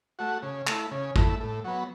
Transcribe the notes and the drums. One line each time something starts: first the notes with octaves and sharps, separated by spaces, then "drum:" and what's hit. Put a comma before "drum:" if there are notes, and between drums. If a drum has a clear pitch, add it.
A3 F#4
C#3
A3 E4, drum: clap
C#3
A3 E4, drum: kick
A2
F#3 B3